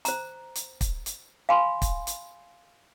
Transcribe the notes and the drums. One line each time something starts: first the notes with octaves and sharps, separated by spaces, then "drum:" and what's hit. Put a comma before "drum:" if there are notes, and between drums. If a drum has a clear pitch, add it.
C5 A#5, drum: hi-hat
drum: hi-hat
drum: kick, hi-hat
drum: hi-hat
F5 G#5 B5 C6
drum: kick, hi-hat
drum: hi-hat